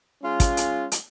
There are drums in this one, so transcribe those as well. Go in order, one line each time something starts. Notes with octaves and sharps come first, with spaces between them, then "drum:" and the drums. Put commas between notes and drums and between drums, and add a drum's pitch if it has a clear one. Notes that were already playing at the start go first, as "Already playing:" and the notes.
G#3 C#4 F4
drum: kick, hi-hat
drum: hi-hat
drum: hi-hat